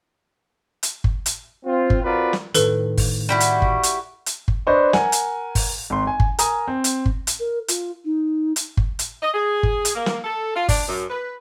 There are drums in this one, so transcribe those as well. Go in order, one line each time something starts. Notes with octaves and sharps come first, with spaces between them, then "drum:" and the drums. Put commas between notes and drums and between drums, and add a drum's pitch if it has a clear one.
drum: hi-hat
drum: kick G1
drum: hi-hat
C4 F4
drum: kick G1
C4 F4 F#4 A#4 B4 D5
drum: snare
A2 D#3 A4 B4, drum: hi-hat
drum: kick G1, open hi-hat
G3 E4 F#4
drum: hi-hat
drum: kick G1
drum: hi-hat
drum: hi-hat
drum: kick G1
D4 B4 C5 D#5 B5 C#6
A#4 F#5 G#5, drum: snare
drum: hi-hat
drum: kick G1, open hi-hat
G#1 C6
G#5
drum: kick G1
A#4 G#5 A#5 D#6, drum: hi-hat
C4
drum: hi-hat
drum: kick G1
drum: hi-hat
A#4
F4, drum: hi-hat
D#4
drum: hi-hat
drum: kick G1
drum: hi-hat
D#5
G#4
drum: kick G1
drum: hi-hat
A#3
drum: snare
A4
F4
D4, drum: kick G1, open hi-hat
F#2
B4